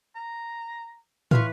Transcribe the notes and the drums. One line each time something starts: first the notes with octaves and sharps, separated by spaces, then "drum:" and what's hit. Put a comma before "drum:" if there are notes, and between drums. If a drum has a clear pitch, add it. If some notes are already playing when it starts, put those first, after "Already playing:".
A#5
E3 B4 F5 C6 C#6, drum: tom